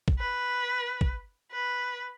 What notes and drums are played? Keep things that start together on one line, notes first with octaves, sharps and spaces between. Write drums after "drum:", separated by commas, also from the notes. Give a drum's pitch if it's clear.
drum: kick
B4
drum: kick
B4